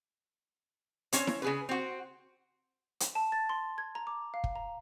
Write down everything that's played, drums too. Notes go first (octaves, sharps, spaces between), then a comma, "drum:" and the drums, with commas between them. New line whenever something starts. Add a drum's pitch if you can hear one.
C4 C#4 C#5, drum: hi-hat
drum: snare E4
C#3 G#4 B4
C4 F#4
drum: hi-hat
A5
A6
C6
G#6
A#5
D6
F5
drum: kick
A#5